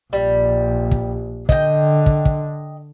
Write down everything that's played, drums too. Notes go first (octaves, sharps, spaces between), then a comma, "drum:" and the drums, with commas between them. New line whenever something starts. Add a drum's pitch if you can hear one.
A#1 G3
drum: kick
D3 D#5 G5, drum: kick
drum: kick
drum: kick